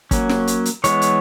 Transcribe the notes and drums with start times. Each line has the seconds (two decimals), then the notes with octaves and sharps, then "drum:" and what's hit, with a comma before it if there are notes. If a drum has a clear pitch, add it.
0.11 F#3 A#3 C#4, drum: kick, hi-hat
0.29 drum: snare
0.47 drum: hi-hat
0.66 drum: hi-hat
0.84 E3 G#3 B3 C#5, drum: hi-hat
1.02 drum: hi-hat